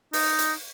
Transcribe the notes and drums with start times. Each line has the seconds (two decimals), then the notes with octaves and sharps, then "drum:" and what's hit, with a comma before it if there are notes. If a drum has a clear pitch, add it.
0.13 D#4, drum: open hi-hat
0.39 drum: hi-hat